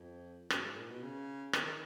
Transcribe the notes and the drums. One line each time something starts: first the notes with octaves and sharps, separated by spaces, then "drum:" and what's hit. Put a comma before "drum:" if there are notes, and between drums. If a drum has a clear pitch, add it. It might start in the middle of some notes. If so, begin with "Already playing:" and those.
Already playing: F2
F#2, drum: rim click
G#2
A#2
B2
C#3
D#3, drum: rim click
D#3